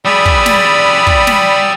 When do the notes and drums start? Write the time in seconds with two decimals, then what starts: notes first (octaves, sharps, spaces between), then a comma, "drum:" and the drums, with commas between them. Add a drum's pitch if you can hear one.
0.05 G3 G#4 D5 B5 D#6 E6
0.25 drum: kick
0.46 drum: snare
1.07 drum: kick
1.27 drum: snare